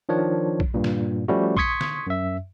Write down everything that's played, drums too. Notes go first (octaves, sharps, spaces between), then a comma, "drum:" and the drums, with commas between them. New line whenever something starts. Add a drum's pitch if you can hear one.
D#3 F3 D4 C#5
drum: kick A#1
G2 A#2
drum: snare
F3 G3 A3 C#4 F#4
C6 C#6 D#6 G#6 B6 C#7, drum: kick A#1
drum: snare
F#2 E5